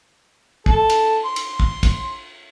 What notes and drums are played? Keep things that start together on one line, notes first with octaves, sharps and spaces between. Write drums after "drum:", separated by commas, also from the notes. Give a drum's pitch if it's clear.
A4, drum: kick
drum: cymbal
C6
drum: cymbal
drum: kick
drum: kick, cymbal